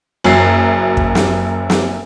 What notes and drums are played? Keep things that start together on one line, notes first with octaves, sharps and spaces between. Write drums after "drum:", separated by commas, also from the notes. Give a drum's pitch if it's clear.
F#1 F#2 F#3 E5 C7
drum: kick
drum: snare
drum: snare